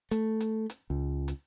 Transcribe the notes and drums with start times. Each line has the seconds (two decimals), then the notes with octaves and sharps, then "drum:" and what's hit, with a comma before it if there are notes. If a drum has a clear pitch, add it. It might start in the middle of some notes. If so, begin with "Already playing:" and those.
0.11 A3, drum: hi-hat
0.41 drum: hi-hat
0.70 drum: hi-hat
0.90 C#2
1.28 drum: hi-hat